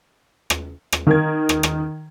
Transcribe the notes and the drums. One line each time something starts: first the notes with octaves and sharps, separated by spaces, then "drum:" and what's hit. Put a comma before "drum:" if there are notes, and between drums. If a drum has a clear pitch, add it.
drum: rim click
drum: rim click
D#3 A#4 G#6
drum: rim click
drum: rim click